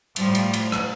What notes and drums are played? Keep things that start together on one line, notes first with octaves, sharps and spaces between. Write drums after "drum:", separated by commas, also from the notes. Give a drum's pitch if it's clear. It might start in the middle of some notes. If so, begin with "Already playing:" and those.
A2 F3 G3, drum: cymbal
drum: cymbal
drum: cymbal
drum: rim click